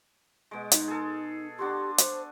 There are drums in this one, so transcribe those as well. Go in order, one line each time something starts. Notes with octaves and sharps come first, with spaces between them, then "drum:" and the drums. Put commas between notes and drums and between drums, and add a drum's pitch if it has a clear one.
B2 G#3
D#4, drum: hi-hat
G#4 A4
D4 F#4 G4 C6
C5, drum: hi-hat